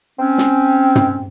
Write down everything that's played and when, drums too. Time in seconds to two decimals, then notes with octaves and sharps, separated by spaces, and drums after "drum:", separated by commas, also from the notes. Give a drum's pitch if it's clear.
0.19 C4 C#4
0.38 drum: snare
0.95 drum: tom